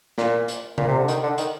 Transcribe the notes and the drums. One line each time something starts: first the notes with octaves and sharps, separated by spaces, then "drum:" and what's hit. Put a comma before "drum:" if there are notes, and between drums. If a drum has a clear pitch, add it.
A#2, drum: snare
drum: hi-hat
A#2, drum: tom C3
C3
D3
D#3, drum: hi-hat
D3
D#3, drum: hi-hat